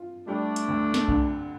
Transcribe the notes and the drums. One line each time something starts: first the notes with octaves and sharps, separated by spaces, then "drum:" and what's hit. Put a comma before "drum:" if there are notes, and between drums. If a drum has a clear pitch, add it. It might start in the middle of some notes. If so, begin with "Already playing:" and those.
Already playing: F4
G3 A3 D4
drum: hi-hat
D2
drum: snare
D3, drum: kick B1